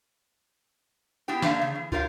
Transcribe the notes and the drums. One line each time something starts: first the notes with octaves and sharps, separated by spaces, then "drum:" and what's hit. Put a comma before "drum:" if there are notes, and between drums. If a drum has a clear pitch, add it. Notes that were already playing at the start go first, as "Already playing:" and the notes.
B3 E4 G4 G5
D3 A#3 D4 D#4 E5 F5, drum: snare
C#3
E3
F4 G4 A#4 C#5 E5 F5, drum: kick